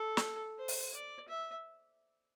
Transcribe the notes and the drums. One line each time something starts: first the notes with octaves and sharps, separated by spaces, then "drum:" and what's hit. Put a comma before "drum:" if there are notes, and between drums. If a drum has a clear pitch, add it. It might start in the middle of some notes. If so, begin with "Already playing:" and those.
Already playing: A4
drum: snare
C5
drum: open hi-hat
D5
E5